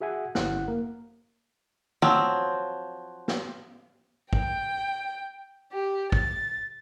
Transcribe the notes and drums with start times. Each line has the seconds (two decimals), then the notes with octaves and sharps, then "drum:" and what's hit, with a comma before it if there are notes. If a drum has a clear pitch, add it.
0.01 F#4 G#4 E5 F#5 G#5
0.35 G1 F#2 E4 F#5 F#6, drum: snare
0.68 A#3 A#4
2.02 F3 F#3 C4, drum: tom
3.28 drum: snare
4.33 G5, drum: kick
5.72 G4
6.12 A6, drum: kick